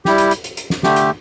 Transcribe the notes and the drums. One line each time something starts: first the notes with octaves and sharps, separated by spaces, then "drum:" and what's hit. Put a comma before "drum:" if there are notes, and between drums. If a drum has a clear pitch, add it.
G3 E4 G4, drum: snare
drum: hi-hat
drum: hi-hat
drum: hi-hat
drum: hi-hat
drum: snare
D3 A3 G4, drum: snare
drum: hi-hat